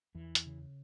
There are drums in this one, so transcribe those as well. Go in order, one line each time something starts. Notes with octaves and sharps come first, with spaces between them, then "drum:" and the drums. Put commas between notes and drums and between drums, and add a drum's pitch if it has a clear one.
E2 E3
drum: hi-hat
C#3